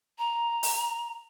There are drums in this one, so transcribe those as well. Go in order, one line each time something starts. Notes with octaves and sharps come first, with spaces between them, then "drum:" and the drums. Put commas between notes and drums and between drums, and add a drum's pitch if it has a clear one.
A#5
drum: open hi-hat